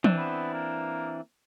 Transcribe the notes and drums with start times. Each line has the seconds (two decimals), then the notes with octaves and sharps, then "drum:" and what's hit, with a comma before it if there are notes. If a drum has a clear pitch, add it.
0.04 E3 C4 D4, drum: tom E3
0.18 B3
0.53 A#3